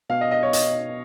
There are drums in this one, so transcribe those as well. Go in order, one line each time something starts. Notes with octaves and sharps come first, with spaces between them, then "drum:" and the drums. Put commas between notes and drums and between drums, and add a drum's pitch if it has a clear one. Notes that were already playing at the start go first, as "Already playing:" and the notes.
B2 F5
D#5
D#5
C#5
D#5, drum: hi-hat